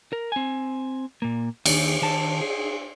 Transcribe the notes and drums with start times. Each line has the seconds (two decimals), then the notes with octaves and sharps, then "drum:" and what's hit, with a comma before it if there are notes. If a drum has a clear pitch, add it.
0.13 A#4
0.32 C4 G#5
1.22 A#2 A#3
1.66 D#2 D#3, drum: cymbal
2.02 D#3 A5
2.41 G#4